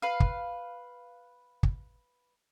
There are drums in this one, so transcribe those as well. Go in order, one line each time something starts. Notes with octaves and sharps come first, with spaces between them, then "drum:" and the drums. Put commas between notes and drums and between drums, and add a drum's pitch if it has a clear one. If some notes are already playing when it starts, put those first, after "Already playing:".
B4 F5
drum: kick
drum: kick